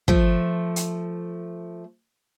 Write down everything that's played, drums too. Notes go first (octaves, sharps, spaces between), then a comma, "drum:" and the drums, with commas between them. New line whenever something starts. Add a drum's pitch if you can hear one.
F3 A3, drum: kick
drum: hi-hat